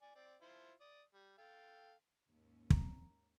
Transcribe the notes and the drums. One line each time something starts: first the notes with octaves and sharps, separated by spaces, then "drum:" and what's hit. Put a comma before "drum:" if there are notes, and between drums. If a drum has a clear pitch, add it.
D5 G#5
C4 D5
E4 F4 C5
D5 D#6
G3
A4 F5 G5
D#2 G#2 C#4
A#5, drum: kick